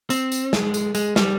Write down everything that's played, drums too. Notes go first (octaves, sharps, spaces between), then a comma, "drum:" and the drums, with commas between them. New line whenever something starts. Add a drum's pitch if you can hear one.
C4, drum: tambourine
drum: tambourine
G#3, drum: snare
drum: tambourine
G#3, drum: tambourine
G3, drum: snare